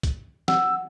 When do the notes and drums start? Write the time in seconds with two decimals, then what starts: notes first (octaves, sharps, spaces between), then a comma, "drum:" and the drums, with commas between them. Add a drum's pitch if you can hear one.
0.03 drum: kick, hi-hat
0.48 F#5 E6, drum: snare